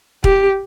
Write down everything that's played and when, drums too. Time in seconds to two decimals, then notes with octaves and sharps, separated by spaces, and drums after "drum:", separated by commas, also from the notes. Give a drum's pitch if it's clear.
0.24 G4, drum: kick